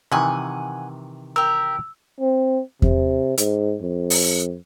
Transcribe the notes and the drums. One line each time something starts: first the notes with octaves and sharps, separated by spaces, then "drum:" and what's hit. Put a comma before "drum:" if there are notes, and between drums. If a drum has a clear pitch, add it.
C3 D#3 E3 F#5 G#5
G4 A#4 E6
C4
C3, drum: kick E2
G#2, drum: hi-hat
F2
drum: open hi-hat